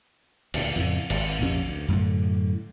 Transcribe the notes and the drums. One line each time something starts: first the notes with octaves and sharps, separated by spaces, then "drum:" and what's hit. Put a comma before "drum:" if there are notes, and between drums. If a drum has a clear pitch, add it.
D2 A#2, drum: cymbal
F2 A2 C#3
G#1, drum: cymbal
A#1 F2 C3 C#4
D2
F#2 A2 D3